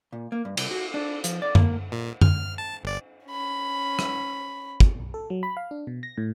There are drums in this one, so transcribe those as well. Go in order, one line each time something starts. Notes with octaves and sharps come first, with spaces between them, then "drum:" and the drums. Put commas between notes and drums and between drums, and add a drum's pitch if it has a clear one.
A#2
A#3
G2
C2, drum: cymbal
F#4
D4
F3, drum: hi-hat
D5
A#3, drum: tom F#2
A#2
F6, drum: tom F#2
A5
G1 D5
C#4 B5
drum: rim click
drum: kick
B1
A4
F#3
B5
F5
D4
B2
A#6
A2